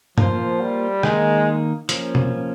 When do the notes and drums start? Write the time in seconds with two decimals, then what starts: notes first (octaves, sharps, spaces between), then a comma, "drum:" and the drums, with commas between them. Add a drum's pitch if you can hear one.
0.18 F3 A#3 F4 C5, drum: tom G2
0.61 G3
1.03 D#3 G#3 A#3 D#4, drum: rim click
1.89 F3 A#3 C#4, drum: hi-hat
2.15 drum: tom